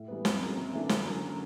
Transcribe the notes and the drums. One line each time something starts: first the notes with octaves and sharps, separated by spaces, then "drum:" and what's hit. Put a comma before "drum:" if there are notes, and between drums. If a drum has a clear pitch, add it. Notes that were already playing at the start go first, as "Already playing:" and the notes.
Already playing: A2
E3 G3 B3
F2, drum: snare
C#3 F#3 A#3
C3
E3 A3 D4
D3, drum: snare
F#3 A#3 C#4